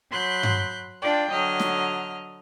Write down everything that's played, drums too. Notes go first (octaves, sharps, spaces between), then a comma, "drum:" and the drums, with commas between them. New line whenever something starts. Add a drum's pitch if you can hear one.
F#3 B5 C6 F#6 G6
drum: tom G2
D4 F4 D5 G5
D3 F#3 D#5 F6
drum: snare